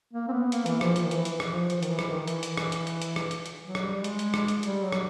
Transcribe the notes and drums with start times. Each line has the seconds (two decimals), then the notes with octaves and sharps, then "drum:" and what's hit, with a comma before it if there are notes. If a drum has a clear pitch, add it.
0.13 A#3
0.29 C4
0.32 B3
0.52 A#3, drum: hi-hat
0.66 E3, drum: hi-hat
0.81 F3, drum: rim click
0.96 F3, drum: hi-hat
1.04 D#3
1.11 E3, drum: hi-hat
1.25 drum: hi-hat
1.40 drum: rim click
1.50 F3
1.70 F3, drum: hi-hat
1.83 D#3, drum: hi-hat
1.90 E3
1.99 drum: rim click
2.09 D#3
2.28 E3, drum: hi-hat
2.43 drum: hi-hat
2.57 drum: rim click
2.72 drum: hi-hat
2.87 drum: hi-hat
3.02 drum: hi-hat
3.16 drum: rim click
3.31 drum: hi-hat
3.46 drum: hi-hat
3.65 F#3
3.75 drum: rim click
3.84 G3
4.04 G#3, drum: hi-hat
4.19 drum: hi-hat
4.34 drum: rim click
4.48 drum: hi-hat
4.63 G3, drum: hi-hat
4.83 F#3
4.92 drum: rim click